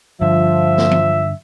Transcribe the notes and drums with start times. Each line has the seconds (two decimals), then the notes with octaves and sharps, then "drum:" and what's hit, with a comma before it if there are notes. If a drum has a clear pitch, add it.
0.21 G2 D3 F3 E5
0.78 drum: snare
0.91 drum: tom E3